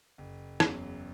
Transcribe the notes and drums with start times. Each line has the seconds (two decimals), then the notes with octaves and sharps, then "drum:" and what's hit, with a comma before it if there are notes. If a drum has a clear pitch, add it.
0.18 F#1
0.60 E2 C#3 F#3, drum: rim click